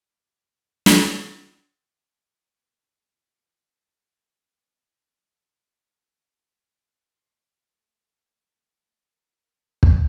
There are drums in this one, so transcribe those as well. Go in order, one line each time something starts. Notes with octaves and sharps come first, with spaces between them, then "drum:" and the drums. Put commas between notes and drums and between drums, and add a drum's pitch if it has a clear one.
F1 A#1 F3 G3 A#3
drum: snare
C3 A#3 C4 B4 G5 A6
F2 D#3 A3 F4
C3 E4 D#5 A6
E2 E3 F3 D6
A4 G6
B1 B3
F#4 A4
D#4 C#5 C6
A3
A#4
drum: kick